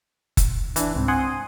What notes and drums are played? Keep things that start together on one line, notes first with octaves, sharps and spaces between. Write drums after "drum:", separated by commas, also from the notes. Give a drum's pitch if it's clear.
drum: kick F#1, hi-hat
E3 D4, drum: hi-hat
C2 G#2 C4
F#5 G#5 C6 D#6